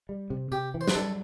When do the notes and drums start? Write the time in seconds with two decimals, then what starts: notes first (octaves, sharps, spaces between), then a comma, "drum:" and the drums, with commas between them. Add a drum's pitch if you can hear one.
0.09 G3
0.30 C3
0.51 C3 G4
0.74 E3
0.81 C5
0.88 B4, drum: snare
0.95 G3 A4